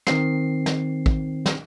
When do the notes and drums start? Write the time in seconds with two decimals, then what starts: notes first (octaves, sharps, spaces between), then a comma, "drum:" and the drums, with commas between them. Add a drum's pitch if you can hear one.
0.07 D#3 C4 C7, drum: snare
0.66 drum: snare
1.06 drum: kick
1.46 drum: snare